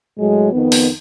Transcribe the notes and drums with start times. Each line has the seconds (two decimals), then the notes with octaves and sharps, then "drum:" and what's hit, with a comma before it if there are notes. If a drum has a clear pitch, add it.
0.18 A2 F#3 G#3
0.52 F2 D#3 B3
0.72 drum: open hi-hat